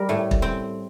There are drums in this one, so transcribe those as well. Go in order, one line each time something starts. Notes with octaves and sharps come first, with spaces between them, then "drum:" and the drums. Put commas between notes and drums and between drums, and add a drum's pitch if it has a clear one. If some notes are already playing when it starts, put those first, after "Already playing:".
Already playing: G3 A#4
A2
drum: kick
C4